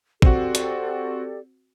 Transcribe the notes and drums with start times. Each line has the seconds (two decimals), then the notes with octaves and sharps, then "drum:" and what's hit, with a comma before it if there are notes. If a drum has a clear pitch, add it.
0.22 C4 F#4 G4 A4 D5, drum: kick
0.55 drum: hi-hat